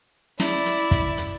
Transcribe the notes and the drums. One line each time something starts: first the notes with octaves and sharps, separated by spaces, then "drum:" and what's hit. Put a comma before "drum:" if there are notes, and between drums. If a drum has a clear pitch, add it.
E4 D5, drum: snare
drum: hi-hat
drum: kick, hi-hat
drum: hi-hat